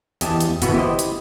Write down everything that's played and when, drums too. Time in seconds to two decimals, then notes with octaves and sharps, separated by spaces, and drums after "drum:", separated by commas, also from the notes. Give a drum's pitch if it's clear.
0.21 E2 G4 D#5 G#5 A5, drum: hi-hat
0.40 drum: hi-hat
0.62 G1 B2 E3 B3 F#4 B4, drum: hi-hat
0.74 E4 G4 C5 D#5
0.99 drum: hi-hat